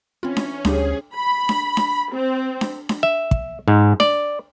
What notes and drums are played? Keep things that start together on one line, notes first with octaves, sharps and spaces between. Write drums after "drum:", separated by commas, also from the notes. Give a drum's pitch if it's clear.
E3 C4 C#4 F4 B5
drum: snare D4
D2 C#3 G3 D4 G4 G#4 C5, drum: snare D4
B5
drum: snare D4
drum: snare D4
C4
drum: snare D4
drum: snare D4
E5
drum: kick
G#2
D5, drum: snare D4